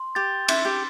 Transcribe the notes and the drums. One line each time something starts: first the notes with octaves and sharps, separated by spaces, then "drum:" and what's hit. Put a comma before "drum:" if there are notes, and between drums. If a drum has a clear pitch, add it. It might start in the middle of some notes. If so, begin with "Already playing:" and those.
Already playing: C6
G4 A6
E4 C6, drum: cymbal
G4